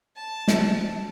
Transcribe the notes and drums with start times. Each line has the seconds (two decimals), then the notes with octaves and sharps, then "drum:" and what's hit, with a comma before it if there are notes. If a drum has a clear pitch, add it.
0.16 A5
0.48 drum: snare